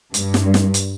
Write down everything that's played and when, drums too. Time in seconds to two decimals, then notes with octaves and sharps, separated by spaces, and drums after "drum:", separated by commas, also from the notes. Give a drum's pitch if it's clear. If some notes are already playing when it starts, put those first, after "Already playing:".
0.14 G2, drum: hi-hat
0.34 drum: snare
0.54 drum: snare
0.74 drum: hi-hat